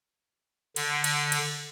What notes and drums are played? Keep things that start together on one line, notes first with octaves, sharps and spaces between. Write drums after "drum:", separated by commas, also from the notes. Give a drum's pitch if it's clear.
D3, drum: cymbal
drum: cymbal
drum: cymbal